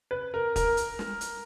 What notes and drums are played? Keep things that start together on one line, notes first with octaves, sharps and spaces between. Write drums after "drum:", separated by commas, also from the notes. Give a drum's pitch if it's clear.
B4
A#4
A#4, drum: kick, hi-hat
drum: hi-hat
drum: snare
drum: hi-hat